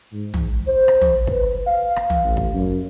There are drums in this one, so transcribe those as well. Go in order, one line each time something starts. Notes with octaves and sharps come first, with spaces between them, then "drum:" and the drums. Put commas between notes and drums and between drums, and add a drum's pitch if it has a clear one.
G#2
drum: tom
C5
drum: rim click
drum: tom
B4, drum: kick
F5
drum: rim click
drum: tom
A1
drum: kick
F#2